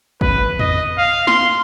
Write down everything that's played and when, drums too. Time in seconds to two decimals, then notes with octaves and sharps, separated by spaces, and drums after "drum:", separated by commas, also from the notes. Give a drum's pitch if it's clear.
0.21 B4, drum: kick
0.59 D#5, drum: tom E2
0.98 F5
1.27 C6, drum: snare